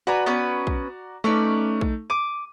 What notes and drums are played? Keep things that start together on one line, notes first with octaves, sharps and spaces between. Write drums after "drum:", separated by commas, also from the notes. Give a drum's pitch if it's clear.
F#4 B4 D5 G#5 A#5
B3 C#4 B4
drum: kick A#1
A3 C#4 D#4 B4 D5
drum: kick A#1
D6 D#7